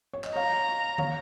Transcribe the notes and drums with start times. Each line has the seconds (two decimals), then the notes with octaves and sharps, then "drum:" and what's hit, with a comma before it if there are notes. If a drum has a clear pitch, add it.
0.13 C#5
0.24 D#5, drum: clap
0.36 C#5 F5 A#5
0.98 C#5 F5, drum: tom